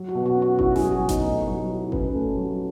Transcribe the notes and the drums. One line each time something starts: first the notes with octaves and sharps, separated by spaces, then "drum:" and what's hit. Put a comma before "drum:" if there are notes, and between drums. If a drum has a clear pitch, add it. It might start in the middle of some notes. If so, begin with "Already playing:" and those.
Already playing: F#3
F#4
B2
F#4
C#4
F#4
E4 F#4, drum: kick G1
G#4, drum: snare
F#3
F#4
B2
D#4, drum: kick G1, hi-hat
A3
F#3
E4
C#4 B4, drum: kick G1
A3
F#3